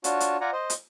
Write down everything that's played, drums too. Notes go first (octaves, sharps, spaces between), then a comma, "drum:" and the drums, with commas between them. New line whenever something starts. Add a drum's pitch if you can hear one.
D4 F4 F#4 C#5 A5, drum: hi-hat
drum: hi-hat
F4 D5 F#5 G#5 A#5
C5 D#5
drum: hi-hat